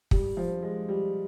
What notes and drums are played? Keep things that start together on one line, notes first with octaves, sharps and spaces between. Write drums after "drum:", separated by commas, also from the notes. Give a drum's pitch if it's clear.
G3, drum: kick
F3
G#3
G3